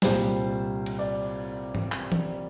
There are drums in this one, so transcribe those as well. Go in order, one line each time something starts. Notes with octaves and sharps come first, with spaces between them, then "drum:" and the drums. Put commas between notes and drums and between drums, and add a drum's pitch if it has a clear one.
C2 A#2 G3 C5, drum: snare
drum: cymbal
D5
drum: tom
drum: clap
drum: tom E3